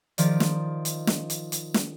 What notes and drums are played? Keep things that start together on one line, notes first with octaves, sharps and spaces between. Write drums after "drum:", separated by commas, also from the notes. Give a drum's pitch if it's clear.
D#3 F3 D5, drum: hi-hat
drum: snare
drum: hi-hat
drum: snare
drum: hi-hat
drum: hi-hat
drum: snare